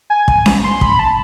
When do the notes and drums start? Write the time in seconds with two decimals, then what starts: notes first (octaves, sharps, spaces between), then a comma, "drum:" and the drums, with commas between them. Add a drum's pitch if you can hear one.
0.10 G#5
0.28 drum: kick
0.46 drum: snare C#4
0.64 C6
0.81 B5, drum: kick
0.99 A5